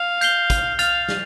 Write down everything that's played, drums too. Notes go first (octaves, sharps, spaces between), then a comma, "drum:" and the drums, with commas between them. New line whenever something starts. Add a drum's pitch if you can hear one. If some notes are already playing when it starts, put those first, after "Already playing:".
Already playing: F5
G6 C7 G7, drum: hi-hat
drum: kick, hi-hat
F5 F6 A6 F7, drum: hi-hat
drum: snare